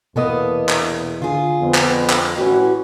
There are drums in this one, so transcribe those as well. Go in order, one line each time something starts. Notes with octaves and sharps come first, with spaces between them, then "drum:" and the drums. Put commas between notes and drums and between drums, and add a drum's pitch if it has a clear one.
E2 B2 A#3 B3 A4 D#5 D#6
drum: clap
D3 F4 G#4
F2 B3
drum: clap
drum: clap
A1 E3 C#4 F#4